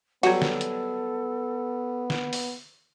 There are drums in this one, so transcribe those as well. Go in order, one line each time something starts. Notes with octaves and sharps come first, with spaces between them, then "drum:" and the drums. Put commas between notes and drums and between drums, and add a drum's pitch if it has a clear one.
F#3 G3 B3 F#4 A4, drum: cymbal
drum: snare
drum: hi-hat
drum: snare
drum: open hi-hat